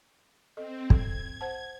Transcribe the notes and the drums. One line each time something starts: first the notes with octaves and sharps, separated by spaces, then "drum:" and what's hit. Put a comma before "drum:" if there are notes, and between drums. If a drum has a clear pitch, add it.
C4 A4 D#5
A4 G#6, drum: kick
C5 F#5 A5